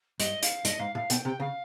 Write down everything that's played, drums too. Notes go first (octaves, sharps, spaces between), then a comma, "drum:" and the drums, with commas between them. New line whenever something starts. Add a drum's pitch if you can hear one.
G2 D#5, drum: hi-hat
F5, drum: hi-hat
G2 D#5, drum: hi-hat
G#2 F5
A2 F5
B2 G5, drum: hi-hat
C3 G5
C#3 F5